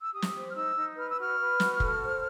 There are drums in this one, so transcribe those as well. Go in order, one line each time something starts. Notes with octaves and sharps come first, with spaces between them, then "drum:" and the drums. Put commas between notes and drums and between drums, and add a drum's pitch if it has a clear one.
E6
G4 D#6
drum: snare
C5
F6
D#4 E6
D#4
B4 F6
E6
F#4 F6
B4
F#4, drum: snare
A4, drum: kick
C5